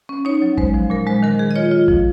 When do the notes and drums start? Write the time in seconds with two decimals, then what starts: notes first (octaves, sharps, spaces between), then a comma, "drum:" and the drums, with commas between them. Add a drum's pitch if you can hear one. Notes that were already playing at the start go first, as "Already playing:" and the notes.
0.09 C#4
0.25 D#4 C#5
0.42 F#3
0.58 G#3 C5, drum: kick
0.74 F3
0.90 A#2 A#4
1.07 G#3 C5
1.23 D#3 A#4
1.39 D#3 G#4
1.51 D#5
1.55 F4 C#5
1.71 F4
1.88 F3, drum: kick